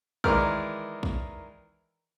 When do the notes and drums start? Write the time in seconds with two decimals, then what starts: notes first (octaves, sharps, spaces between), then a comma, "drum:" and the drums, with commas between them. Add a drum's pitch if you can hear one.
0.24 D#3 E3 G#3 A#4 D5 F6, drum: kick
1.03 drum: kick